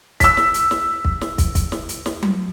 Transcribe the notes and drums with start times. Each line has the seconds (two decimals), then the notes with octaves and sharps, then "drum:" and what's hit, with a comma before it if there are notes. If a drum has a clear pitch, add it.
0.20 E6 B6, drum: kick, hi-hat
0.37 drum: snare
0.54 drum: hi-hat
0.71 drum: snare
1.05 drum: kick
1.21 drum: snare
1.38 drum: kick, hi-hat
1.55 drum: kick, hi-hat
1.72 drum: snare
1.89 drum: hi-hat
2.06 drum: snare
2.22 drum: tom F#3